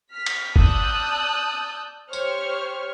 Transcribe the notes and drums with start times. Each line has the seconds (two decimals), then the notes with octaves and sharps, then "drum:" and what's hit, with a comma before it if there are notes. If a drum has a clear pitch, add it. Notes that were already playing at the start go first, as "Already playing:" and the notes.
0.13 F6 B6
0.26 drum: cymbal
0.56 D5 A5 D#6 E6 F#6 G6, drum: kick F#1
2.13 G4 C5 C#5 C#6 F6, drum: tambourine